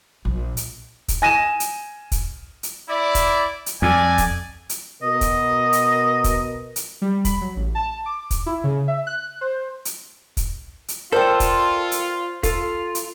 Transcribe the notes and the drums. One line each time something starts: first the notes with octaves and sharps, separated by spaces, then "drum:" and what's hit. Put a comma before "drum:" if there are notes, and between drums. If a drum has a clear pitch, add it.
A#1
drum: hi-hat
drum: kick, hi-hat
G#5 A#6 D#7 E7
drum: hi-hat
drum: kick, hi-hat
drum: hi-hat
E4 D5
drum: kick, hi-hat
drum: hi-hat
F2 D5 G#5
drum: kick, hi-hat
drum: hi-hat
B2 A#4 D#5
drum: kick, hi-hat
drum: hi-hat
drum: kick, hi-hat
drum: hi-hat
G3
B5, drum: kick, hi-hat
F#3
A1
A5
D6
drum: kick, hi-hat
E4
C#3
E5
F#6
C5
drum: hi-hat
drum: kick, hi-hat
drum: hi-hat
F4 A4 A#4 C5 D5 G5
drum: kick, hi-hat
drum: hi-hat
F4 A4, drum: kick, hi-hat
drum: hi-hat